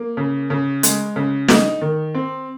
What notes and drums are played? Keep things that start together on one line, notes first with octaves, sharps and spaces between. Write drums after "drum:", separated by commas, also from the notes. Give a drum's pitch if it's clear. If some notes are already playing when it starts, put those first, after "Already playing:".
Already playing: A#3
C#3
C#3
G#3, drum: hi-hat
C#3
D#4, drum: snare
D#3
C4